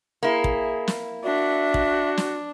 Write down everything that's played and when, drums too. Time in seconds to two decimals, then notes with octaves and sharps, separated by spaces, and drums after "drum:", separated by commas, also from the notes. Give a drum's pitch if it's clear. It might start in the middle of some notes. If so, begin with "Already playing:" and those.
0.23 A#3 E4 G#4
0.44 drum: kick
0.88 drum: snare
1.24 D4 F#4 E5
1.74 drum: kick
2.17 drum: snare